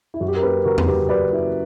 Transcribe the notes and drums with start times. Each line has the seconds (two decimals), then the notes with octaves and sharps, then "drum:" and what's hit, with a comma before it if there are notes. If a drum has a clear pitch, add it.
0.14 E4
0.21 F#2 F#4
0.28 G4
0.36 A#4
0.43 A#3 G4 B4
0.65 C#3 F#4 A#4
0.78 A#4, drum: tom E2
0.87 F#3 G4 B4
1.09 F#2 B4 D5
1.31 A#3 E4